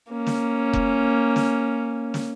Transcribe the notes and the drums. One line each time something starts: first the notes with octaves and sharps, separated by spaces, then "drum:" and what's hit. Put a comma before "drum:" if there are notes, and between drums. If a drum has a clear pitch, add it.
A#3 C#4
drum: snare
drum: kick F1
drum: snare
drum: snare